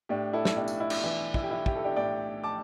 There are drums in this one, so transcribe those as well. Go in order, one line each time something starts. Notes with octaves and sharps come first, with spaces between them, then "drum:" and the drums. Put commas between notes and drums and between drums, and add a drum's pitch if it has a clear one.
A2 D4 G4
E4 A4
drum: snare
B1 D4 G4
drum: tambourine
E4
drum: cymbal
E3 D4
E4, drum: kick
G4
B1 E4
G4, drum: kick
A4
D4 G4
A2 D5 G5
A5 D6